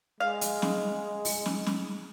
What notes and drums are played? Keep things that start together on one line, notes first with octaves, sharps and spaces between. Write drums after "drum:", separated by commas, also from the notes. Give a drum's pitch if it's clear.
G#3 F5
drum: hi-hat
drum: snare
drum: open hi-hat
drum: snare
drum: snare